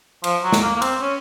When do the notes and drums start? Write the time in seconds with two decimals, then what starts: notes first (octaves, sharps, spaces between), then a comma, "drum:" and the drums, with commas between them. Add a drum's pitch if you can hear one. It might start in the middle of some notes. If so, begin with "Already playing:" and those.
0.24 F3, drum: cymbal
0.43 F#3
0.53 drum: snare
0.62 A#3
0.75 A#3
0.82 C4, drum: cymbal
1.01 C#4